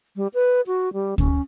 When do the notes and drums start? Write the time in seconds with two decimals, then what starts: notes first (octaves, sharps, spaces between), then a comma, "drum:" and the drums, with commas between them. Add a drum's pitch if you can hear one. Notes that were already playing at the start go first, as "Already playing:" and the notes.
0.16 G3
0.34 B4
0.67 F#4
0.94 G3
1.18 C#4, drum: kick